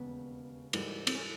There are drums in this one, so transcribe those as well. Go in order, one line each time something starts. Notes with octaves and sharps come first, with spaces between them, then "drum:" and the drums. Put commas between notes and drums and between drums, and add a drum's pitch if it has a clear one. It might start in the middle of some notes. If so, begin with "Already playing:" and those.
Already playing: E1 D#2 C#3 B3
G#2 E3 G3 A#3 D#4, drum: cymbal
C4, drum: cymbal
C#4